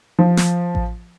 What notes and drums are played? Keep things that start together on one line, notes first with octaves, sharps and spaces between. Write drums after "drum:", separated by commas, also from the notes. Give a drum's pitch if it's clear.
F3
drum: snare
drum: kick A1